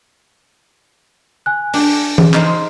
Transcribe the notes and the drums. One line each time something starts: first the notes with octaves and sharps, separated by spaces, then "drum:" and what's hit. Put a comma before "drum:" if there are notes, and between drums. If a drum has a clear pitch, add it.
G#5 F#6
D4 G5, drum: open hi-hat
G#4, drum: tom E3
D#4 C5, drum: clap
C6